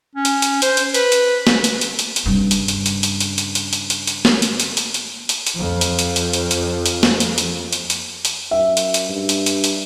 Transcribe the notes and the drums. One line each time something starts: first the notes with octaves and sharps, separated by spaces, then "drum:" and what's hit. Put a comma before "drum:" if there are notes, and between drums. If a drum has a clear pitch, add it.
C#4
drum: hi-hat
drum: hi-hat
C5, drum: hi-hat
drum: hi-hat
B4, drum: hi-hat
drum: hi-hat
drum: snare
drum: hi-hat
drum: hi-hat
drum: hi-hat
drum: hi-hat
G2 C#3
drum: hi-hat
drum: hi-hat
drum: hi-hat
drum: hi-hat
drum: hi-hat
drum: hi-hat
drum: hi-hat
drum: hi-hat
drum: hi-hat
drum: hi-hat
drum: snare
drum: hi-hat
drum: hi-hat
drum: hi-hat
drum: hi-hat
drum: hi-hat
drum: hi-hat
F2 F3
drum: hi-hat
drum: hi-hat
drum: hi-hat
drum: hi-hat
drum: hi-hat
drum: hi-hat
drum: snare
drum: hi-hat
drum: hi-hat
drum: hi-hat
drum: hi-hat
drum: hi-hat
F#2 E5
drum: hi-hat
drum: hi-hat
G2
drum: hi-hat
drum: hi-hat
drum: hi-hat